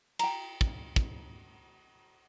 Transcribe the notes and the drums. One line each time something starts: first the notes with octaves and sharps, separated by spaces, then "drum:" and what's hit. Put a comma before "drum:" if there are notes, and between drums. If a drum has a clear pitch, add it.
G5 A#5, drum: cymbal
drum: kick
drum: kick